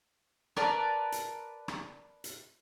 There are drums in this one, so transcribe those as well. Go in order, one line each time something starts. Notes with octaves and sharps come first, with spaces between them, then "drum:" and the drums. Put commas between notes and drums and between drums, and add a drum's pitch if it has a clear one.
A#4 B4 D5 A5, drum: rim click
drum: hi-hat
drum: rim click
drum: hi-hat